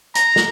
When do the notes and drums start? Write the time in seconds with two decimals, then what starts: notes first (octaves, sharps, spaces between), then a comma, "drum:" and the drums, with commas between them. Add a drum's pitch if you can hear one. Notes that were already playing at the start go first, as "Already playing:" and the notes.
0.15 A#5, drum: hi-hat
0.36 drum: snare